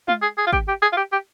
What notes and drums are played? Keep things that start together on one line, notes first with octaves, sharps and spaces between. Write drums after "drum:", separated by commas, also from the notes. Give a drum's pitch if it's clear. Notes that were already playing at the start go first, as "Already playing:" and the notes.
F4, drum: tom G#3
G#4
G#4
F4
G4, drum: kick
G4
G#4
F4
G4
G4